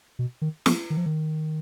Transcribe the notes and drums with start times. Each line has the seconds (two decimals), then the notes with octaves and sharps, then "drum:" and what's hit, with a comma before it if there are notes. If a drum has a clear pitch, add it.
0.19 B2
0.42 D#3
0.66 F3, drum: snare
0.90 D#3
0.97 F3
1.06 D#3